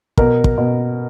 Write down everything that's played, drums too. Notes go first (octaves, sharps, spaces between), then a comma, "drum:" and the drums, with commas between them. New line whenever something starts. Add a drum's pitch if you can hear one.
B2 A#4, drum: kick
drum: kick
B2